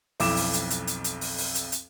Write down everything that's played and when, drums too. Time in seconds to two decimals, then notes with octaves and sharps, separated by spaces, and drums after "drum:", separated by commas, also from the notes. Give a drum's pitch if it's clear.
0.20 B1 F2 E4 D6 E7, drum: open hi-hat
0.37 drum: open hi-hat
0.53 drum: hi-hat
0.70 drum: hi-hat
0.87 drum: hi-hat
1.04 drum: hi-hat
1.21 drum: open hi-hat
1.38 drum: open hi-hat
1.55 drum: hi-hat
1.72 drum: hi-hat